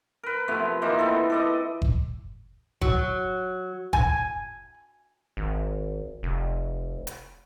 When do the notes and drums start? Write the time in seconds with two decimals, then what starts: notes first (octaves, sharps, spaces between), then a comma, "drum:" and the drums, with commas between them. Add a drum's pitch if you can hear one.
0.23 A#4 B4
0.48 C3 F3 A3 B3
0.82 E3 A#3 D#4 C5
0.99 B3 C4 A4
1.30 A4 D5 D#5
1.82 drum: kick F#1
2.81 F#3, drum: kick F#1
3.93 G#5, drum: kick F#1
5.37 G#1
6.23 F1
7.07 drum: hi-hat